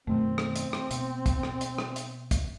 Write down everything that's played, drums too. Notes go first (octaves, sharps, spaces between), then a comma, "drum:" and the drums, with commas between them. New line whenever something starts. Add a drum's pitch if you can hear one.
F#2 B2 D#3 A3 C4
drum: rim click
drum: hi-hat
drum: rim click
B2, drum: hi-hat
drum: kick, hi-hat
drum: rim click
drum: hi-hat
drum: rim click
drum: hi-hat
drum: kick, hi-hat